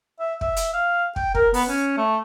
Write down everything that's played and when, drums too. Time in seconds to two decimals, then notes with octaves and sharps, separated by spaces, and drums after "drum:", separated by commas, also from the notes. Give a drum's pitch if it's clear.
0.19 E5
0.41 E5, drum: kick
0.56 drum: hi-hat
0.73 F5
1.16 G5, drum: kick
1.35 A#4, drum: kick
1.54 B3, drum: open hi-hat
1.68 C#4
1.97 A3